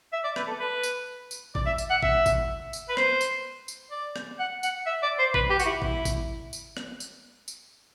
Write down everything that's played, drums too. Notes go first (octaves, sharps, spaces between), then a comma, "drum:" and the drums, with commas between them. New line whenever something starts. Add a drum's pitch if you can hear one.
E5
D5
B4, drum: rim click
A4
B4
drum: tambourine
drum: tambourine
D5, drum: kick
E5
drum: tambourine
F#5
E5, drum: kick
drum: kick, tambourine
drum: tambourine
B4
C5, drum: rim click
drum: tambourine
drum: tambourine
D5
drum: rim click
F#5
F#5, drum: tambourine
E5
D5
C5
B4, drum: kick
G4
F#4, drum: tambourine
E4
E4, drum: kick
drum: kick, tambourine
drum: tambourine
drum: rim click
drum: tambourine
drum: tambourine